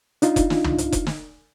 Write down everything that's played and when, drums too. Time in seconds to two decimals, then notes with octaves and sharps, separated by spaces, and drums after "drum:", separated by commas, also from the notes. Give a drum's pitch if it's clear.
0.22 D4 D#4 F4, drum: hi-hat
0.36 drum: kick F1, hi-hat
0.50 drum: snare
0.64 drum: tom
0.78 drum: hi-hat
0.92 drum: kick F1, hi-hat
1.07 drum: snare